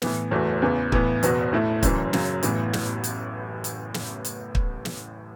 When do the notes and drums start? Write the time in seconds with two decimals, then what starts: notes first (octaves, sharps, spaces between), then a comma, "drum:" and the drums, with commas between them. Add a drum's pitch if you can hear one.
0.02 A2 E3 B3, drum: snare
0.31 F#1 E2 E3 A3 F#4
0.62 E2 C#3 E3 B3
0.92 A2 E3 B3, drum: kick
1.23 F#1 E2 B2 B3 F#4, drum: hi-hat
1.53 A2 A3 E4
1.83 F#1 F#2 E3, drum: kick, hi-hat
2.13 F#2 C#3 F#3, drum: snare
2.43 A1 A2 E3 B3, drum: hi-hat
2.73 drum: snare
3.04 drum: hi-hat
3.64 drum: hi-hat
3.94 drum: snare
4.25 drum: hi-hat
4.55 drum: kick
4.85 drum: snare